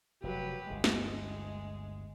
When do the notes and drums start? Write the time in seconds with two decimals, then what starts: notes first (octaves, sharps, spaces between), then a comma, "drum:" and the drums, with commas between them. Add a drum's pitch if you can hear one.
0.23 F1 F#3 G4 B4
0.70 G1 D2 G#3
0.84 drum: snare